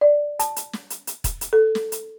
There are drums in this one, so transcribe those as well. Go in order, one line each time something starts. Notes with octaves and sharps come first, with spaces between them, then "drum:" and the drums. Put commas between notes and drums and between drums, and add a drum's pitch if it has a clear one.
D5
A5, drum: hi-hat
drum: hi-hat
drum: snare
drum: hi-hat
drum: hi-hat
drum: kick, hi-hat
drum: hi-hat
A4
drum: snare
drum: hi-hat